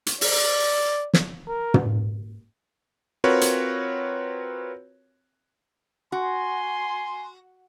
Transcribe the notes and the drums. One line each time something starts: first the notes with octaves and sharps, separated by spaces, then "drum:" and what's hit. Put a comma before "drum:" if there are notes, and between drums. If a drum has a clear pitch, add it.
drum: hi-hat
D5, drum: open hi-hat
drum: snare
A#4
drum: tom
C4 F4 F#4 A#4 B4 C#5
drum: hi-hat
F#4 G#5 C6